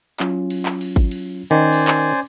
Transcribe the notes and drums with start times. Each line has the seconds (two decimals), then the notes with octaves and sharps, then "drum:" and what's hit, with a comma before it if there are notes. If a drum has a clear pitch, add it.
0.20 F#3 C#4 F4, drum: clap
0.50 drum: cymbal
0.66 drum: clap
0.81 drum: cymbal
0.96 drum: kick G#1
1.11 drum: cymbal
1.51 D#3 C#4 C5 D5 G#5
1.72 drum: cymbal
1.88 drum: clap